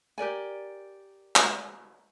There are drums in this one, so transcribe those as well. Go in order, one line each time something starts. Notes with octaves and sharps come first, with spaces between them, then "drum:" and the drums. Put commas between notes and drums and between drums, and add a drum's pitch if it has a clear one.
G4 A#4 D5 G#5
drum: clap